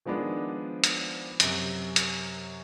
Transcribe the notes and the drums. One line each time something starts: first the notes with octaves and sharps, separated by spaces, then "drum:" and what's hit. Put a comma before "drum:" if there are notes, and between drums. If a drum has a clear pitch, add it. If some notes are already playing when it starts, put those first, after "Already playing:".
D#3 F3 G#3 B3 D4
drum: hi-hat
F#2 C3, drum: hi-hat
drum: hi-hat